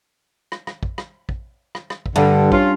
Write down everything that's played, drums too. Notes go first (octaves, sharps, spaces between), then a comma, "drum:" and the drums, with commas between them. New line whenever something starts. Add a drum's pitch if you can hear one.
drum: rim click
drum: rim click
drum: kick
drum: rim click
drum: kick
drum: rim click
drum: rim click
drum: kick
G2 D3
C#4 F4, drum: kick